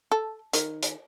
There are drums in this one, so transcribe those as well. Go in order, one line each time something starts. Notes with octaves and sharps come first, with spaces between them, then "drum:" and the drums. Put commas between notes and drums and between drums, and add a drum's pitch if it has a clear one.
A4
D#3, drum: hi-hat
drum: hi-hat